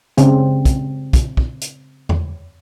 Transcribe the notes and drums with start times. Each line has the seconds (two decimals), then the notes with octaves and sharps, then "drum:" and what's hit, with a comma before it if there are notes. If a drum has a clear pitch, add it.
0.17 C#3 C4, drum: hi-hat
0.65 drum: kick, hi-hat
1.13 drum: kick, hi-hat
1.37 drum: kick
1.61 drum: hi-hat
2.09 drum: tom E2